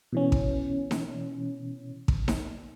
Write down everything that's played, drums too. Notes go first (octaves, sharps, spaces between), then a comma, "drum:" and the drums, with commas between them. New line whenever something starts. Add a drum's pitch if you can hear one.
B2 E3 C#4
drum: kick
drum: snare D#4
drum: kick
drum: snare D#4